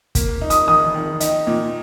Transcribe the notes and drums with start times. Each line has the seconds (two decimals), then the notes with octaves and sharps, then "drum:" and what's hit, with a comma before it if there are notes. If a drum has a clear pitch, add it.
0.15 A#3, drum: kick, hi-hat
0.41 D#4
0.50 D#6, drum: hi-hat
0.68 D#3 D#6
0.94 D#3
1.20 D#4, drum: hi-hat
1.47 A#2